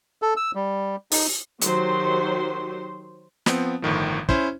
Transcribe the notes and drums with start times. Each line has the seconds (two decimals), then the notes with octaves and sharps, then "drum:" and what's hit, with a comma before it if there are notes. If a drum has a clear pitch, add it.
0.22 A4
0.37 E6
0.55 G3
1.12 D#4, drum: open hi-hat
1.62 D#3 F#3 G4 C5, drum: hi-hat
3.46 F3 B3 C4, drum: snare
3.82 G1 A2 D#3 F3
4.29 C#4 E4 C5, drum: kick